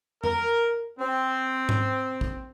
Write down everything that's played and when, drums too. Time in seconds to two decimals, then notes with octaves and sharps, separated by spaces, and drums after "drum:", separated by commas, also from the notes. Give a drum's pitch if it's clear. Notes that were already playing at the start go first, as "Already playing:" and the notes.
0.24 A#4, drum: tom F2
1.00 C4
1.69 drum: tom G#2
2.21 drum: kick